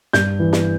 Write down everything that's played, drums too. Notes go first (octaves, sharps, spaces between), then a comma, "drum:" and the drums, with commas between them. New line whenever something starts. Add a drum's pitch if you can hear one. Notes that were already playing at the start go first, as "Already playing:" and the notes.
G2 G6, drum: snare
E3
drum: snare